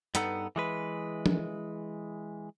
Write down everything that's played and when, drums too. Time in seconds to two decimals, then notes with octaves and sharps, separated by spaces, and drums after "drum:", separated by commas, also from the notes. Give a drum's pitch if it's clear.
0.15 G2 B3 D#4 A4 F#5, drum: hi-hat
0.56 E3 G#3 B4
1.26 drum: tom